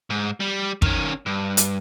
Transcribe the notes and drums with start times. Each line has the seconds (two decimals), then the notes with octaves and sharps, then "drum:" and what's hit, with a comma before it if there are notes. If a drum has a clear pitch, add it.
0.10 G#2
0.40 G3
0.82 D#3 C#4, drum: kick
1.26 G2
1.57 drum: hi-hat